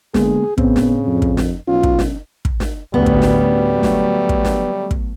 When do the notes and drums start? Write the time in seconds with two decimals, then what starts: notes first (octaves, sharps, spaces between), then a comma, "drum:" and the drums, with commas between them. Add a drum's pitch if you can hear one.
0.14 D3 G#3 A#3 B3 G#4, drum: snare
0.58 A2 C#3 B3 C4, drum: kick
0.76 drum: snare
1.07 F2
1.22 drum: kick
1.37 drum: snare
1.68 B1 C#4 F4
1.83 drum: kick
1.99 drum: snare
2.45 drum: kick
2.60 drum: snare
2.94 D2 A2 G3 B3 C#4
3.06 drum: kick
3.22 drum: snare
3.74 F#3 A3
3.83 drum: snare
4.29 drum: kick
4.45 drum: snare
4.91 drum: kick